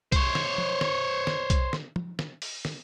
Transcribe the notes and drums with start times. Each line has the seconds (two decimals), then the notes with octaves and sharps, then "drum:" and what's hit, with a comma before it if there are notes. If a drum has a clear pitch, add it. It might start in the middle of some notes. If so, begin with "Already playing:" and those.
0.12 C5 C#5, drum: kick B1, hi-hat
0.35 drum: snare
0.58 drum: tom F3
0.81 drum: snare
1.27 drum: snare
1.50 drum: kick B1, hi-hat
1.73 drum: snare
1.96 drum: tom F3
2.19 drum: snare
2.42 drum: open hi-hat
2.65 drum: snare